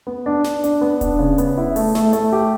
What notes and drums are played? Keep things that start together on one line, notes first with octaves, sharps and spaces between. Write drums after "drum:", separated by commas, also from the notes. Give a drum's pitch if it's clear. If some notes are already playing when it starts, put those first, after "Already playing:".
B3
D4
D4, drum: snare
D4, drum: hi-hat
B3
D4, drum: kick D#1, hi-hat
C#3
B3, drum: hi-hat
E4
A3, drum: open hi-hat
A3, drum: snare
A3, drum: hi-hat
G4